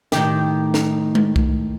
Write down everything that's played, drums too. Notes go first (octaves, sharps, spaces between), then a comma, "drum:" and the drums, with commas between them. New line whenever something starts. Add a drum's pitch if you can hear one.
A2 D#3 G4, drum: snare
drum: snare
drum: tom G#3
drum: kick C2